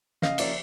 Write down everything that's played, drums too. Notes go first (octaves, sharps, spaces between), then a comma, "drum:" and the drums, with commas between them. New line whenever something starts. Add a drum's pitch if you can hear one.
C#3 D#5 F5, drum: snare
F3 A#3 C#4 D5 E5, drum: cymbal